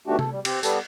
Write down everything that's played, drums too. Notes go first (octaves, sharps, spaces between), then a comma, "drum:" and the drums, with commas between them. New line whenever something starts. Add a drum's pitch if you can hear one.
B2 D#3 A3 D4 F#4 G4
A4, drum: tom C3
G3
C4 G4, drum: cymbal
G3 B3 G4 A4, drum: tambourine